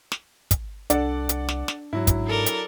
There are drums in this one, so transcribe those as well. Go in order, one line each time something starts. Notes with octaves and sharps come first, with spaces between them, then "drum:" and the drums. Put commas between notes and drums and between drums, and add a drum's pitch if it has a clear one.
drum: snare
drum: kick, hi-hat
C2 D4 A4 D5 F#5, drum: hi-hat
drum: hi-hat
drum: snare
drum: snare
G#2 F#3 E4
drum: kick, hi-hat
A4 A#4 D5
drum: hi-hat